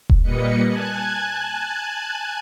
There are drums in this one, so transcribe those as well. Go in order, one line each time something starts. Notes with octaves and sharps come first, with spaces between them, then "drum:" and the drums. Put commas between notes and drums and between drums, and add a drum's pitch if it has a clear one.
drum: kick E1
A#2 G3 A#3 B4 D#5 C#7
G#5 A5 F#6 G#6